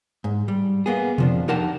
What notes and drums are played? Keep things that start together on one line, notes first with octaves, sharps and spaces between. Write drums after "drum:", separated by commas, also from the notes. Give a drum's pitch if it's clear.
G#2
G3
A#3 B3 G#4
F2 F3 D4, drum: tom B2
D#4 G4 A#4 F#5 A5